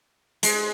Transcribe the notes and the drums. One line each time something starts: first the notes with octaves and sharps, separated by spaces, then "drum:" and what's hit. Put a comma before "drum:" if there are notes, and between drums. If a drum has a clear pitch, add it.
G#3, drum: hi-hat